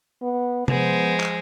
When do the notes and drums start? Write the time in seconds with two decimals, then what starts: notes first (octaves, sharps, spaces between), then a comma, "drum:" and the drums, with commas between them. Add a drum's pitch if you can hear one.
0.23 B3
0.68 F3 G#3 B3 C5, drum: tom C3
1.20 drum: clap